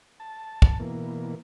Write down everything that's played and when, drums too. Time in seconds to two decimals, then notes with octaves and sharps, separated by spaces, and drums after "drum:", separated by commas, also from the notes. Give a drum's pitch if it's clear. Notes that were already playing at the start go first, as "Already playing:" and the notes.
0.20 A5
0.62 drum: kick
0.80 B2 E3 A#3